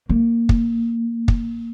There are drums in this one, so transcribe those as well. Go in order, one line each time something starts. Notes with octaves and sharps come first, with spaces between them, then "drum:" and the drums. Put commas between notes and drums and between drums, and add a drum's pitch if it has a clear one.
A#3
drum: kick
drum: kick